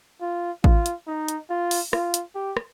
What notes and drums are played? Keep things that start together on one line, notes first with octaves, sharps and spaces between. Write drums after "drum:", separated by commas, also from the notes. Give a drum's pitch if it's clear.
F4
F4, drum: kick A1
drum: hi-hat
D#4
drum: hi-hat
F4
drum: open hi-hat
F4, drum: rim click
drum: hi-hat
G4
drum: rim click